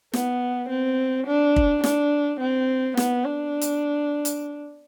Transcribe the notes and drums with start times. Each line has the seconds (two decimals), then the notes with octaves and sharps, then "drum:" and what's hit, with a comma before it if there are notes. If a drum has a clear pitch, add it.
0.14 B3, drum: snare
0.69 C4
1.27 D4
1.56 drum: kick
1.84 D4, drum: snare
2.40 C4
2.97 B3, drum: snare
3.25 D4
3.61 drum: hi-hat
4.25 drum: hi-hat